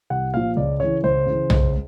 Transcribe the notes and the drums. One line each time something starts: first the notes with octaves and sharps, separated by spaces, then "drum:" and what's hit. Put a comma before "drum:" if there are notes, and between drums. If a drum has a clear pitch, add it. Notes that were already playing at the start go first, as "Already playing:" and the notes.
C2 F#5
A#2 F3 F5
C#2 D5
C#3 E3 C#5
C#2 C5
C#3 E3
C#2, drum: tom B1